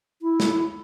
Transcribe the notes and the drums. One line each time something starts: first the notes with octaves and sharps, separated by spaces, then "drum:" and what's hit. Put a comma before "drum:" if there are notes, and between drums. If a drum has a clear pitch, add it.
E4
drum: snare